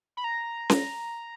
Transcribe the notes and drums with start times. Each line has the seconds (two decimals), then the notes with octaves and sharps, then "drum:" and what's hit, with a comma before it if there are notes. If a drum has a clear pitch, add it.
0.17 B5
0.24 A#5
0.70 drum: snare C#4